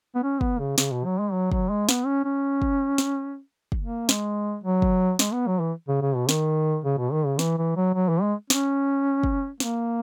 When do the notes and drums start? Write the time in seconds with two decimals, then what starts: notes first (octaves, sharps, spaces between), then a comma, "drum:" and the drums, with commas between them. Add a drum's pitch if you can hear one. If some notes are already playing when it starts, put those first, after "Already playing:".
0.15 B3
0.23 C#4
0.41 B3, drum: kick
0.59 C#3
0.78 C#3, drum: snare
0.92 B2
1.05 F#3
1.20 G#3
1.33 F#3
1.52 F#3, drum: kick
1.69 G#3
1.89 B3, drum: snare
2.06 C#4
2.24 C#4
2.62 drum: kick
2.98 drum: snare
3.72 drum: kick
3.82 A#3
4.09 G#3, drum: snare
4.64 F#3
4.82 drum: kick
5.19 G#3, drum: snare
5.33 B3
5.47 F#3
5.60 E3
5.88 C#3
6.02 C#3
6.16 B2
6.29 D#3, drum: snare
6.84 C#3
6.98 B2
7.12 D#3
7.26 C#3
7.39 E3, drum: snare
7.58 E3
7.76 F#3
7.94 F#3
8.09 E3
8.22 G#3
8.50 C#4, drum: snare
9.24 drum: kick
9.60 A#3, drum: snare